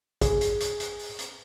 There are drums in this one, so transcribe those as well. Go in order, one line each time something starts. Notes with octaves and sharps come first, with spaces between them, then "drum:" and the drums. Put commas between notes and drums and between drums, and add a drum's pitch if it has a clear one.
G#4, drum: kick G#1, hi-hat
drum: hi-hat
drum: hi-hat
drum: hi-hat
drum: open hi-hat
drum: hi-hat